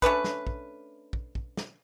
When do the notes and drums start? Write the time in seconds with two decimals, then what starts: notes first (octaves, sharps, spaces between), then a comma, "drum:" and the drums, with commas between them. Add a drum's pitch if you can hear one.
0.02 A3 C#4 D4 B4, drum: kick
0.24 drum: snare
0.47 drum: kick
1.13 drum: kick
1.35 drum: kick
1.57 drum: snare